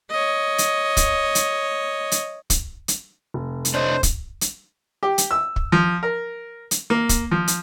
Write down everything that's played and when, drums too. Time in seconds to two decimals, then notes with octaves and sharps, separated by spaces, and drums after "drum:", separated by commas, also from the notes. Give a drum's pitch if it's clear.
0.10 C#5 D#5
0.58 drum: hi-hat
0.97 drum: kick, hi-hat
1.35 drum: hi-hat
2.12 drum: hi-hat
2.50 drum: kick, hi-hat
2.88 drum: hi-hat
3.34 F1
3.65 drum: hi-hat
3.74 D4 C5 C#5 D#5
4.03 drum: kick, hi-hat
4.41 drum: hi-hat
5.03 G4
5.18 drum: hi-hat
5.31 E6
5.56 drum: kick
5.72 F3
6.03 A#4
6.71 drum: hi-hat
6.90 A#3
7.09 drum: kick, hi-hat
7.31 F3
7.48 drum: hi-hat